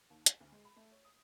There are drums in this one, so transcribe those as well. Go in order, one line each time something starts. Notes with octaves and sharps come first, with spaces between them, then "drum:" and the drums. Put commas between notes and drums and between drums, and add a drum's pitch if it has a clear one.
D#2
F#5, drum: hi-hat
D2
G#3
B5
A3
C#5
D#6